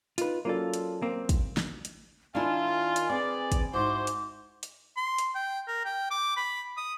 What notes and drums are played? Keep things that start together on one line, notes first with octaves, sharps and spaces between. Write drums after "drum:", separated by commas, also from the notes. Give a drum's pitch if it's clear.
D#4 F4 B4, drum: hi-hat
F#3 A#3 C#4 F4 A4 D5
drum: hi-hat
A#3 C4
drum: kick, hi-hat
drum: snare
drum: hi-hat
D#3 D4 E4 F4 G#5
drum: hi-hat
C4 G#4 B4 D5
drum: kick, hi-hat
G#2 E4 F#4 C5 D6
drum: hi-hat
drum: hi-hat
C6
drum: hi-hat
G5
A#4
G5
D6
B5
D#6